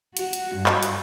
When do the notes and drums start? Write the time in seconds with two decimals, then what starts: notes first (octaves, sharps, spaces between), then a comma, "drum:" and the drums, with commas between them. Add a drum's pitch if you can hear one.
0.17 F#4, drum: hi-hat
0.33 drum: hi-hat
0.57 G2
0.66 drum: clap
0.83 drum: hi-hat